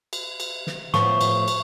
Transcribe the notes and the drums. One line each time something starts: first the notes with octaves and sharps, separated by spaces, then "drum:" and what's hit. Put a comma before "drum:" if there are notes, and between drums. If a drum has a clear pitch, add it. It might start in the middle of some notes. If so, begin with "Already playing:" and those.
drum: cymbal
drum: cymbal
drum: snare
A2 F3 B3 C#6, drum: snare
drum: cymbal
drum: cymbal